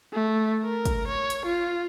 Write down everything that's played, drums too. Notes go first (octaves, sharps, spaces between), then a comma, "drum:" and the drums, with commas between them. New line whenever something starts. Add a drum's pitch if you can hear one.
A3
A#4
drum: kick, hi-hat
C#5
drum: hi-hat
F4